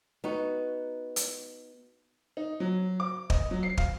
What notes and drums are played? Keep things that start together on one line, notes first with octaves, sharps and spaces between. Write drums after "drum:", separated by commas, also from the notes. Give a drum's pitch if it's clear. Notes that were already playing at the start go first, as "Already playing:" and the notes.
B3 D#4 F#4
drum: hi-hat
D#4
F#3
D6
D#5, drum: kick
F#3
C7
F5, drum: kick